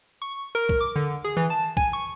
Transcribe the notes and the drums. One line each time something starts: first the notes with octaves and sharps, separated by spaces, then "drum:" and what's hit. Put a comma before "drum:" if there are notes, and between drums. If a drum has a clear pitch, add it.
C#6
A#4
drum: kick B1
D6
D3
G#4
E3
A5
G#5, drum: kick B1
C#6